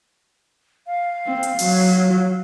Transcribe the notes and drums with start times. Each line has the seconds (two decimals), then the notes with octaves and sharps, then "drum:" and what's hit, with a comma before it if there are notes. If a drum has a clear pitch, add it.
0.87 F5
1.27 C4
1.43 drum: hi-hat
1.59 F#3, drum: open hi-hat